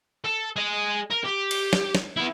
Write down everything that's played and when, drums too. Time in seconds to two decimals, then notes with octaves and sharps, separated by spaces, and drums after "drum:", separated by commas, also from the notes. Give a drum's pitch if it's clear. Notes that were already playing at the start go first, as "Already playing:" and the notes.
0.25 A4
0.56 G#4 D#5
1.10 A#4
1.24 G4
1.51 drum: cymbal
1.73 drum: snare
1.95 drum: snare
2.16 B3 E4